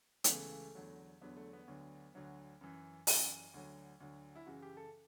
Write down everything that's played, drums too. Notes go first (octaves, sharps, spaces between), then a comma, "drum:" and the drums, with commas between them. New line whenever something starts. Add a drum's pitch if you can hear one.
B3, drum: hi-hat
C#2 C#3 E3 A3
E2 D3 F#3
E2 D3 F#3 B3
A3
B3
D2 D3 F#3
D2 D3 F#3
F#2 E3
F#2 E3, drum: open hi-hat
D2 D3 F#3
D2 D3 F#3
E4
F#2 C#3 E3 F#4
G4
A4